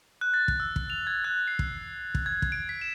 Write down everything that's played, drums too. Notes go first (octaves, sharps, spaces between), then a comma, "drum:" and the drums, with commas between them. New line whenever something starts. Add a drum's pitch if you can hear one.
F#6
A6
drum: kick
E6
drum: kick
F7
G#6
F#6
C7
drum: kick
drum: kick
G#6
drum: kick
D7
B6
E7